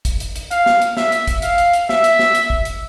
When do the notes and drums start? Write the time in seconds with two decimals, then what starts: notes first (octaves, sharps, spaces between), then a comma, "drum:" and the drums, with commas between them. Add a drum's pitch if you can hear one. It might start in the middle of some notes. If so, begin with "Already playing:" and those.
0.05 drum: kick, hi-hat
0.20 drum: hi-hat
0.36 drum: hi-hat
0.51 F5, drum: hi-hat
0.66 drum: snare
0.82 drum: hi-hat
0.97 E5, drum: snare
1.12 drum: hi-hat
1.27 drum: kick, hi-hat
1.42 F5, drum: hi-hat
1.58 drum: hi-hat
1.73 drum: hi-hat
1.89 E5, drum: snare
2.04 drum: hi-hat
2.19 drum: snare
2.35 drum: hi-hat
2.50 drum: kick
2.65 drum: hi-hat